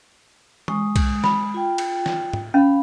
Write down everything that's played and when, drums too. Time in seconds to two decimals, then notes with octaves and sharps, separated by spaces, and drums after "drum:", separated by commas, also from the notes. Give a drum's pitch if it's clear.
0.68 G#3 C#6 D#6, drum: tom E3
0.96 drum: kick B1, cymbal
1.24 B5, drum: snare
1.54 F4 G5
1.78 drum: cymbal
2.06 drum: snare
2.33 drum: tom
2.54 C#4 F5 B5